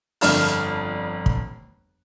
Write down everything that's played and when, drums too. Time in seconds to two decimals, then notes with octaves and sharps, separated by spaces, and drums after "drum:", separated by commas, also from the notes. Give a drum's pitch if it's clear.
0.21 G1 F2 D4 F6, drum: open hi-hat
1.26 drum: kick